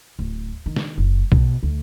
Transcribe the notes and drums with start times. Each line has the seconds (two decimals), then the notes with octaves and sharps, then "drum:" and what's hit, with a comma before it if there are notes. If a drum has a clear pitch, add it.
0.19 D1
0.66 D#3
0.76 drum: snare
0.98 F#1
1.32 B2, drum: kick B1
1.63 D2